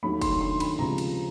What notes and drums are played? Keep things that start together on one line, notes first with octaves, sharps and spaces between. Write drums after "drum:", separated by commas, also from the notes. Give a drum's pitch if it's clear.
D#2 D#3 F#3 A3 B5
C6, drum: kick, cymbal
C6
B5, drum: cymbal
C#2 C3 F3 A#5
drum: cymbal